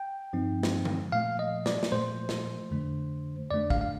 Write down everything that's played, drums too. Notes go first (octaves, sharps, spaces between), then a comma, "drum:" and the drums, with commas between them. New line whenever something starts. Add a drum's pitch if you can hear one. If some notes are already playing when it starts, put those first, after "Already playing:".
Already playing: G5
G2 F3 C4 D#4
drum: snare
drum: tom
A#2 F3 A3 F5
D#5
D5, drum: snare
drum: snare
A#2 F3 A3 C5
drum: snare
F2 D3 A3 D4
F2 D3 A3 D4 D5
F5, drum: kick
F5